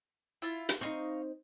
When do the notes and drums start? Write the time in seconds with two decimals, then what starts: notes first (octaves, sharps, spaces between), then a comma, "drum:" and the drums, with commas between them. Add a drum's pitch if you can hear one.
0.42 E4 F4
0.69 drum: hi-hat
0.81 C4 D#4 D#5 F5 C#6